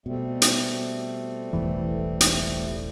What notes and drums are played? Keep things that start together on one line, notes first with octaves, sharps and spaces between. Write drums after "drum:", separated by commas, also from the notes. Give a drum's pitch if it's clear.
B2 G3 A3 C4
drum: hi-hat
E1 A1 A2 E3
drum: hi-hat